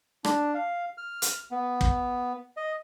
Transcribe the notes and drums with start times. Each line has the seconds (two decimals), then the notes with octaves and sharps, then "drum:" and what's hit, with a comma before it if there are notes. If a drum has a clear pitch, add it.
0.24 D4, drum: rim click
0.54 F5
0.98 F6
1.22 drum: hi-hat
1.51 B3
1.81 drum: kick
2.57 D#5